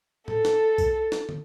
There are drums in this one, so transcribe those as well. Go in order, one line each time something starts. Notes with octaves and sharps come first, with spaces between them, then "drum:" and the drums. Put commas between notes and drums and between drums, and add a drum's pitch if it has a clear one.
A4, drum: tom A2
drum: snare
drum: kick B1, tambourine
drum: snare
drum: tom